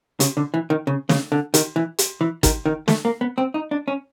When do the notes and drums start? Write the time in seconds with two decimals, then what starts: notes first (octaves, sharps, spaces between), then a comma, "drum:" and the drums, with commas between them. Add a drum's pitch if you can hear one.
0.20 C#3, drum: hi-hat
0.37 D3
0.54 E3
0.70 D#3
0.87 C#3
1.09 C#3, drum: snare
1.32 D3
1.54 D#3, drum: hi-hat
1.76 E3
1.98 drum: hi-hat
2.21 E3
2.43 D#3, drum: kick, hi-hat
2.66 D#3
2.88 A3, drum: snare
3.05 A#3
3.21 B3
3.38 C4
3.54 D#4
3.71 D4
3.88 C#4